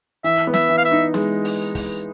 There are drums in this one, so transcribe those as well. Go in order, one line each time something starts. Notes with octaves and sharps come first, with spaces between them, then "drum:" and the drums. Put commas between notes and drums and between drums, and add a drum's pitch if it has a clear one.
E3 E5, drum: hi-hat
B3
E5, drum: snare
E3
F5
E5, drum: hi-hat
D#4
G#3, drum: snare
drum: open hi-hat
drum: kick, open hi-hat